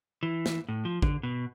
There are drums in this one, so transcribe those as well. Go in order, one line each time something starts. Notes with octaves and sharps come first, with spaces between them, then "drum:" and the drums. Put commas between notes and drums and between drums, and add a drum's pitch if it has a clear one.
E3
drum: snare
A2
F3
D3, drum: kick
B2